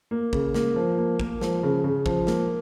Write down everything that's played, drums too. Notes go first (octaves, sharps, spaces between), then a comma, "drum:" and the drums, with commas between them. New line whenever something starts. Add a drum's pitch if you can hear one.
A#3
C#3, drum: kick
A#3, drum: snare
F3
A#3
A#3, drum: kick
F3, drum: snare
C#3
C#3
F3, drum: kick
A#3, drum: snare